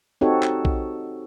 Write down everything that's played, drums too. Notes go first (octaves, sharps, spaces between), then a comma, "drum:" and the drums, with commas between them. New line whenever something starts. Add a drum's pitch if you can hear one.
C4 D#4 F#4 G4 A4 C#5
drum: clap
drum: kick A#1